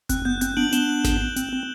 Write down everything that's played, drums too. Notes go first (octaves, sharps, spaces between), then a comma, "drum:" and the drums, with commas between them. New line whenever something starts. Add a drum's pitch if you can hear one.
C4 F#6, drum: kick F#1, hi-hat
B3 G6
C4 G6, drum: hi-hat
B3 D4 D7 F#7
B3 D4 E7 G7, drum: hi-hat
drum: snare G#1
C4, drum: hi-hat
C4